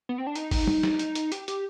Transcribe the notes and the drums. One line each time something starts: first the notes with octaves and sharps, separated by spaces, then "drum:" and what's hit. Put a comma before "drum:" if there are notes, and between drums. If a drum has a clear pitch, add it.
B3
C4
D4
D#4, drum: hi-hat
drum: kick G1, open hi-hat
drum: tom G3
drum: snare
drum: hi-hat
drum: hi-hat
G4, drum: hi-hat
G4, drum: hi-hat